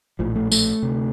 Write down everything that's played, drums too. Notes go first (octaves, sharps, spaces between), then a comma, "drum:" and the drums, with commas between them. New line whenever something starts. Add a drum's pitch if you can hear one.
A#1 A2 F3
A3
A3, drum: tambourine
D2 C3